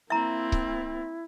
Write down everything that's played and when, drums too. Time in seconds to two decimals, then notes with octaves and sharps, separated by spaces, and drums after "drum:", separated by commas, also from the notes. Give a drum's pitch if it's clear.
0.10 A#3 C4 E4 E5 A#5
0.52 drum: kick C#1